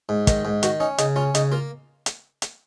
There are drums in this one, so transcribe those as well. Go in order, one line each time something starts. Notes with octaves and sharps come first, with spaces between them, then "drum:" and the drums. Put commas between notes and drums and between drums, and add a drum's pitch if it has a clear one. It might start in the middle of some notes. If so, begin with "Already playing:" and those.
G#2
D#3, drum: kick, hi-hat
G#2
D#3 F#4, drum: hi-hat
C#4 D#4
C#3 D#4, drum: hi-hat
C#4 F4
C#3 D#4, drum: hi-hat
A#3 F4
drum: hi-hat
drum: hi-hat